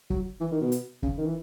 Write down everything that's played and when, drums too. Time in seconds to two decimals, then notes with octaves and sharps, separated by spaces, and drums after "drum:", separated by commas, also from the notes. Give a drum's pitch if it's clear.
0.10 F#3, drum: kick
0.41 E3
0.52 D#3
0.61 B2
0.72 drum: hi-hat
1.03 C#3, drum: kick
1.18 D#3
1.26 E3